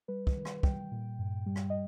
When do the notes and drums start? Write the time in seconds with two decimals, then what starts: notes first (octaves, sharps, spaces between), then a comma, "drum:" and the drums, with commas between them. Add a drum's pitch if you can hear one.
0.08 G3 B4
0.27 drum: kick
0.36 D#3
0.45 drum: rim click
0.63 G3 G5, drum: kick
0.91 A#2
1.19 G2
1.46 G3
1.56 drum: rim click
1.70 D#5